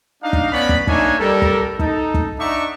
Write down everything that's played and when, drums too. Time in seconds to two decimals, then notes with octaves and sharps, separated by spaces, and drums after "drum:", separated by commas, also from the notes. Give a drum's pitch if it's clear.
0.23 D4 D#4 F5
0.33 drum: kick
0.53 B3 C#4 D5 B5
0.69 drum: kick
0.87 A#3 D4 D#4 C#5 E5 G#5, drum: kick
1.19 G3 A4 A#4
1.42 drum: kick
1.79 D#4 A4, drum: kick
2.14 drum: kick
2.40 D4 D#4 E5 F#5 C#6 D6